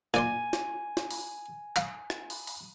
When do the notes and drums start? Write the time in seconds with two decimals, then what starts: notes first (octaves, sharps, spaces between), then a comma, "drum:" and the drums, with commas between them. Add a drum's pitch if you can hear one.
0.14 A#2 D5 G#5 C6, drum: rim click
0.53 drum: snare
0.97 drum: snare
1.11 drum: open hi-hat
1.76 F5, drum: clap
2.10 drum: rim click
2.30 drum: open hi-hat
2.47 drum: open hi-hat